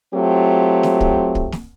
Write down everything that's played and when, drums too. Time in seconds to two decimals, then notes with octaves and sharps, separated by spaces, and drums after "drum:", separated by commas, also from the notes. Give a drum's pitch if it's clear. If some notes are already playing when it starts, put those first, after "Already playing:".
0.14 F#3 A3 C4 F4 G4
0.83 drum: snare
1.01 drum: kick
1.35 drum: kick
1.52 drum: snare